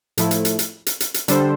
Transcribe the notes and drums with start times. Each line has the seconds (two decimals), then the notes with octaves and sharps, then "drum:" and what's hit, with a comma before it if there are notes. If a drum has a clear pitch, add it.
0.18 A2 F3 A3 E4 A4, drum: hi-hat
0.31 drum: hi-hat
0.45 drum: hi-hat
0.59 drum: hi-hat
0.86 drum: hi-hat
1.00 drum: hi-hat
1.14 drum: hi-hat
1.28 D3 G3 D4 A4 C5, drum: hi-hat